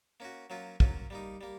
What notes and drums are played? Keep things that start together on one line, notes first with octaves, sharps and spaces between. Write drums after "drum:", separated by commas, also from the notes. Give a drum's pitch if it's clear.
A#3 C#4 F#4
F#3 A#3 C#4 F4
F#3 A#3 C#4 F4, drum: kick
G3 A#3 D#4
G3 A#3